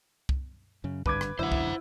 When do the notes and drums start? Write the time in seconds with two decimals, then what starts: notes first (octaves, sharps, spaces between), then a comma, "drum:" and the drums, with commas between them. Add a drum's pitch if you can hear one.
0.29 drum: kick C2
0.84 F#2 C#3
1.06 G#1 G2 D3 B4 D6 G#6, drum: kick C2
1.21 drum: rim click
1.39 E1 F#2 D3 E4 C5 F#5
1.52 drum: kick C2